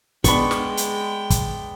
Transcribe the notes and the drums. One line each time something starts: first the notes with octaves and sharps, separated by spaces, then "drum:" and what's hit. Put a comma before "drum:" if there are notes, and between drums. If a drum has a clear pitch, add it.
G#3 B3 D4 G5 B5 C#6, drum: kick, hi-hat
drum: snare
drum: hi-hat
drum: kick, hi-hat